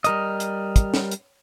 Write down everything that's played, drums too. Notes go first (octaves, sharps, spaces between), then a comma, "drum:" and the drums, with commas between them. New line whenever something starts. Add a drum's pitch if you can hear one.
G3 A#4 D#5, drum: hi-hat
drum: hi-hat
drum: kick, hi-hat
drum: snare
drum: hi-hat